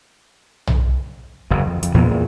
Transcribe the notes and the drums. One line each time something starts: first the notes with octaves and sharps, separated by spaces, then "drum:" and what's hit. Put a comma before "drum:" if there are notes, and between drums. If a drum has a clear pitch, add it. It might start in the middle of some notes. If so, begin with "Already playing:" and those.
drum: tom B1
F#1 E2
F2
F2, drum: hi-hat
E2 A#2 F3 B3
E2 A#2